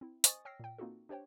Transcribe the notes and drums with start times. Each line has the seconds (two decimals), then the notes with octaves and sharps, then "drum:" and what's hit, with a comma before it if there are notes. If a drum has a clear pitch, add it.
0.01 C4 E4
0.24 C5 D#5 G#5 C#6 D#6 A6, drum: hi-hat
0.45 C#5 G5 E6 F6 A#6 C7
0.60 A#2 G5
0.78 A#3 C4 D#4 F4 F#4 A4
1.09 D4 G4 C5 C#5 G5